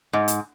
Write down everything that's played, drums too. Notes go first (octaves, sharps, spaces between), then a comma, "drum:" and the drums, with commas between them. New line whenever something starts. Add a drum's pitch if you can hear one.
G#2
drum: hi-hat